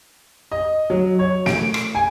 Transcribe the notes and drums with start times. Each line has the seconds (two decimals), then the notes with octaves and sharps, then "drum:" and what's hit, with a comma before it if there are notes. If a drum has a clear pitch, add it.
0.52 D#5
0.90 F#3
1.19 C#5
1.46 D7, drum: snare
1.74 drum: rim click
1.95 G#5